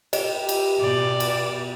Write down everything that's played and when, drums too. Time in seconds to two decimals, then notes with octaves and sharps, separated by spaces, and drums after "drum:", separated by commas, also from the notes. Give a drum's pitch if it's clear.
0.13 G4 D#5, drum: cymbal
0.49 drum: cymbal
0.81 B2 D5
1.20 drum: cymbal